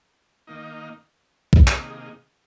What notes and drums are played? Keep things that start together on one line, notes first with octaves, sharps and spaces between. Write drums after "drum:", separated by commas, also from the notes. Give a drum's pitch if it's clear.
D#3 A#3 D#4
drum: kick
C3 D#3 A#3 D#4 G#4, drum: clap